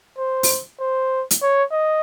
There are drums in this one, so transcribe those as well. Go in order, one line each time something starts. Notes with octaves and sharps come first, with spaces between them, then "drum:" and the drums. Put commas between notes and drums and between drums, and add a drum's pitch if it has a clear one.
C5
drum: open hi-hat
C5
drum: hi-hat
C#5
D#5